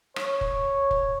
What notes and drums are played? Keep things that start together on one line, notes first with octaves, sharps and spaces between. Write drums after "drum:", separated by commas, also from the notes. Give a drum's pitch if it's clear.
C#5, drum: rim click
drum: kick
drum: kick